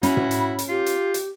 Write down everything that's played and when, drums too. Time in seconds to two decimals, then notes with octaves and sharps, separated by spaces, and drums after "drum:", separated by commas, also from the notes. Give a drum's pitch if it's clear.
0.03 C#4 E4 F#4 B5, drum: hi-hat
0.17 drum: tom
0.31 drum: hi-hat
0.59 drum: hi-hat
0.69 F4 G4
0.86 drum: hi-hat
1.14 drum: hi-hat